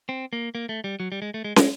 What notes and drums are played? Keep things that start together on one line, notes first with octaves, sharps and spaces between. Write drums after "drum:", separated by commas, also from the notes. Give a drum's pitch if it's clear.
C4
A#3
A#3
A3
G3
F#3
G3
G#3
A3
G#3
G#3, drum: snare